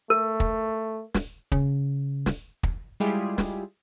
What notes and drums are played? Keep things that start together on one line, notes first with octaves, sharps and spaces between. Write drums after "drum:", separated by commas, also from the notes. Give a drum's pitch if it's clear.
A3 A#4
drum: kick
drum: snare
C#3, drum: kick
drum: snare
drum: kick
G3 G#3 E4 F4 G4 G#4
drum: snare